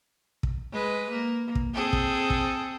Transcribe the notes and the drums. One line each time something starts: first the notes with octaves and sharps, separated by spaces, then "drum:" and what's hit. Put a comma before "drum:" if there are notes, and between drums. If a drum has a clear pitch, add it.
drum: kick
G#3 B4
A#3
drum: kick
C4 G#4 A4
drum: kick
drum: kick